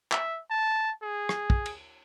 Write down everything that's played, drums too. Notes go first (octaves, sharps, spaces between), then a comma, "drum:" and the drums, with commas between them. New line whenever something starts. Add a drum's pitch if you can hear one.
E5, drum: clap
A5
G#4
drum: rim click
drum: kick
drum: cymbal